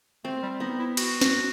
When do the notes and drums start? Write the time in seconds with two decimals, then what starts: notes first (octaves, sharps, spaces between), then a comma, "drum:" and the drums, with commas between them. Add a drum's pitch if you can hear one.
0.25 A3 C4
0.43 G3
0.60 B3 D#4
0.79 E4
0.97 F#4, drum: cymbal
1.21 drum: snare